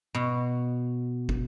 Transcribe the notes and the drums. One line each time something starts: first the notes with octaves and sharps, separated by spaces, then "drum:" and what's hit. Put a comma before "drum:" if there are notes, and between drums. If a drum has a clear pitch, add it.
B2
drum: kick